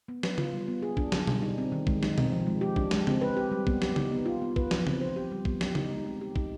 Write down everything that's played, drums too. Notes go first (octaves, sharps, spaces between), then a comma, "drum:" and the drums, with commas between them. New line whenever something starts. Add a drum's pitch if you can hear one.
B3
B4, drum: snare
F4, drum: tom C#3
G3
B3
G#4
D4, drum: kick
D3, drum: snare
G3, drum: tom B2
D#4
C4
D#3
G#3, drum: kick
D#4, drum: snare
C4, drum: tom B2
F3
G#3
G4
D4, drum: kick
G#3, drum: snare
C4, drum: tom C#3
B4
G4
G3
B3, drum: kick
G4, drum: snare
D#4, drum: tom C#3
B3
F4
B3
B4, drum: kick
F3, drum: snare
C4, drum: tom C#3
C5
G4
G3
B3, drum: kick
G4, drum: snare
D#4, drum: tom C#3
G#3
C4
G4
D#4, drum: kick